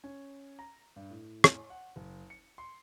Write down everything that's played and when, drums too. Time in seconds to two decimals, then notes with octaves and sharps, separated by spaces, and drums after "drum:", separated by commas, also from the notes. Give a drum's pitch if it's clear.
0.04 C#4
0.59 A#5
0.96 G2
1.10 A2
1.44 drum: rim click
1.70 F#5
1.96 F#1
2.30 C#7
2.58 C6